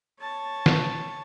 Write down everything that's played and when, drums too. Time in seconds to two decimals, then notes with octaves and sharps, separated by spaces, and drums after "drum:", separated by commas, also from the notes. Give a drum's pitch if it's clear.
0.20 C#5 A5
0.66 drum: snare